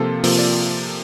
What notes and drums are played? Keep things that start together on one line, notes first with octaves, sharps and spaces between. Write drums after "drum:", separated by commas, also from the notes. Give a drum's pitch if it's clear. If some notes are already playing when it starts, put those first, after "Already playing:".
Already playing: C3 F3 A#3 F4 A4
C3 F3 A#3, drum: open hi-hat
D5